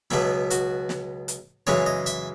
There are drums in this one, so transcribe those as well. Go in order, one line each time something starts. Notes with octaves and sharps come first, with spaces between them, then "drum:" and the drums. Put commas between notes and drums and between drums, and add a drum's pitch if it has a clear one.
C#2 B2 F#3 B3 E4, drum: snare
F#4, drum: hi-hat
drum: snare
drum: hi-hat
F#2 C#3 E3 G#3 C#5, drum: snare
D#5
E5, drum: hi-hat